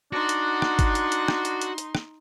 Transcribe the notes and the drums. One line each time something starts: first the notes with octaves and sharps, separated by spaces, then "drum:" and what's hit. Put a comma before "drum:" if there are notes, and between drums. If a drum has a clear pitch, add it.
D4 D#4 F#4 C6
drum: hi-hat
drum: rim click
drum: kick, hi-hat
drum: hi-hat
drum: hi-hat
drum: rim click
drum: hi-hat
drum: hi-hat
drum: hi-hat
drum: rim click